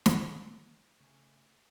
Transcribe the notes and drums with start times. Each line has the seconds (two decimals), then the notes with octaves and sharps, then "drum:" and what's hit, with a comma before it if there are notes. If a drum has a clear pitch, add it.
0.06 drum: snare
1.00 C#3 A3 G#5